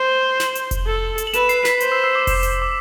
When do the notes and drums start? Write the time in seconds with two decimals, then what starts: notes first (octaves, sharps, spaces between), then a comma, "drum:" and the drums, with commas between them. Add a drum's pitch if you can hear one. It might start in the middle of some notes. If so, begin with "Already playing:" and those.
Already playing: C5
0.09 G7
0.24 G7
0.40 F#7, drum: snare
0.55 drum: hi-hat
0.71 drum: kick F1, hi-hat
0.86 A4
1.18 drum: hi-hat
1.27 F#7
1.34 B4 E7, drum: hi-hat
1.49 C7, drum: hi-hat
1.65 B6, drum: snare
1.80 C5, drum: hi-hat
1.92 E6
2.04 E6
2.15 D6
2.27 drum: kick F1, open hi-hat
2.43 drum: hi-hat
2.62 D6